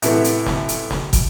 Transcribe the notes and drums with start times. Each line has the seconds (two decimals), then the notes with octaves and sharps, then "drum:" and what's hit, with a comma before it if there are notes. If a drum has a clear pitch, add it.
0.02 A2 C3 E3 B3, drum: hi-hat
0.24 drum: hi-hat
0.46 drum: snare
0.69 drum: hi-hat
0.91 drum: snare
1.13 drum: kick, hi-hat